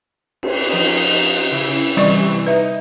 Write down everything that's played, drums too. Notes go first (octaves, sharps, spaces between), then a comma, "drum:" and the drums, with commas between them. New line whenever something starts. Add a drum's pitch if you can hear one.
drum: cymbal
F3 D#4
C#3 E4
C3 E3 G3 D5 C#6, drum: rim click
D#4 B4 E5